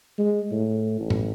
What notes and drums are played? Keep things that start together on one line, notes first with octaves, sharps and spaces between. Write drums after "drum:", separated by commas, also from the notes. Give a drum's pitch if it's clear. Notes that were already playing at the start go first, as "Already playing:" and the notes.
G#3
A2
A1
drum: tom A2